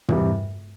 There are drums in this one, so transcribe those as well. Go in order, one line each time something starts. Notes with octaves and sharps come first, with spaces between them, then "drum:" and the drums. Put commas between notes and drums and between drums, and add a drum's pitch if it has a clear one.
E2 C3 G3, drum: tom